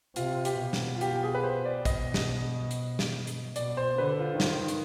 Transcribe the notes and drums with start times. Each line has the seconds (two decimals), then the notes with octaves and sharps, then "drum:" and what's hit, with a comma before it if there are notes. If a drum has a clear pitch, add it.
0.16 C3 F4, drum: hi-hat
0.45 G4, drum: hi-hat
0.59 B2
0.73 drum: snare
0.96 F4
1.01 G4, drum: hi-hat
1.15 G4
1.23 G#4
1.35 B4
1.43 C5
1.65 D5
1.85 B2 D#5, drum: kick, hi-hat
2.14 drum: snare
2.71 drum: hi-hat
2.99 drum: snare
3.27 drum: hi-hat
3.56 B2 D5, drum: hi-hat
3.77 C5
3.98 D3 B4
4.19 F4
4.40 D#3, drum: snare
4.68 drum: hi-hat